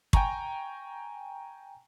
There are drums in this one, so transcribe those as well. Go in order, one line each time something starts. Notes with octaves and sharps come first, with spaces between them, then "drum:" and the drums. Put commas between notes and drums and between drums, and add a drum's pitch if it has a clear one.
G5 G#5 A#5 C#6, drum: kick